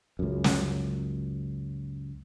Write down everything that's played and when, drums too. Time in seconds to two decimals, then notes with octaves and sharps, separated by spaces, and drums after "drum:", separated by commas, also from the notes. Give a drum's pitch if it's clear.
0.19 C#2 F#2
0.44 drum: snare